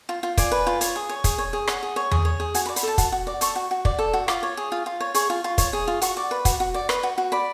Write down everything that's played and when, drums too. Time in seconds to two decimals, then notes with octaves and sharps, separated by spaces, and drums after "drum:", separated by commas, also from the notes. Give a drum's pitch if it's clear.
0.09 F4
0.23 F4
0.37 D5 G#5, drum: kick, hi-hat
0.52 B4
0.67 F4
0.81 C#5, drum: hi-hat
0.96 G#4
1.09 C#5
1.24 G#4, drum: kick, hi-hat
1.38 C#5
1.53 G#4
1.67 C#5 F#5, drum: rim click
1.83 G#4
1.96 C#5
2.11 G#4, drum: tom E2
2.25 C#5
2.40 G#4
2.54 F#4 G#5, drum: hi-hat
2.66 B5
2.69 D5
2.76 B5, drum: hi-hat
2.83 A4 A5
2.98 F#4, drum: kick, hi-hat
3.12 F#4
3.27 D5
3.41 A4 C#6, drum: hi-hat
3.56 F#4
3.71 F#4
3.85 D5, drum: kick
3.99 A4
4.13 F#4
4.28 F4 D6, drum: rim click
4.43 C#5
4.57 G#4
4.72 F4
4.86 F4
5.00 C#5
5.15 G#4 C#6, drum: hi-hat
5.30 F4
5.44 F4
5.58 C#5, drum: kick, hi-hat
5.73 G#4
5.88 F4
6.02 F#4 C#6, drum: hi-hat
6.17 D5
6.31 B4
6.45 F#4, drum: kick, hi-hat
6.60 F#4
6.74 D5
6.89 B4 B5, drum: rim click
7.03 F#4
7.18 F#4
7.32 D5 B5